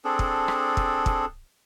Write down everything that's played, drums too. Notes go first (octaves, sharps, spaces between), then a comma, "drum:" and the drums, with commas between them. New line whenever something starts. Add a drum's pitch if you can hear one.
C4 D4 G#4 A4
drum: kick
drum: rim click
drum: kick
drum: kick